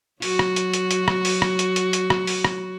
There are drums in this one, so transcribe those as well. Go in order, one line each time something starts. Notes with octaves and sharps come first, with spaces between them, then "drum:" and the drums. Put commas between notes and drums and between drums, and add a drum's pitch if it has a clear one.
F#3 F#4, drum: open hi-hat
drum: rim click
drum: hi-hat
drum: hi-hat
drum: hi-hat
drum: rim click
drum: open hi-hat
drum: rim click
drum: hi-hat
drum: hi-hat
drum: hi-hat
drum: rim click
drum: open hi-hat
drum: rim click